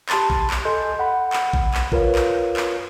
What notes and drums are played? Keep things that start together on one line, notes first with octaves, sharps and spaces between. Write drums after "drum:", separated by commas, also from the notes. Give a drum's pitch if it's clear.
G4 A5 B5 C6 A6, drum: clap
drum: kick A1
drum: clap
A4 D#5 G#5 C6 G6
F#5 B5
drum: clap
drum: kick A1
drum: clap
F4 A#4 B4 C#5 F5, drum: kick A1
drum: clap
drum: clap